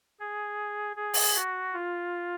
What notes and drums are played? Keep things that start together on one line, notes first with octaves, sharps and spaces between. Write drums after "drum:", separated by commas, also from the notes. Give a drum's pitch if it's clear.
G#4
G#4
drum: open hi-hat
F#4
F4